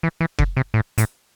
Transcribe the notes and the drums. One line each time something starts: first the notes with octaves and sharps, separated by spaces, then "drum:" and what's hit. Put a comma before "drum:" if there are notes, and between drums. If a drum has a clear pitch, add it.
E3
E3
D3, drum: kick F1
C3
A2
A2, drum: hi-hat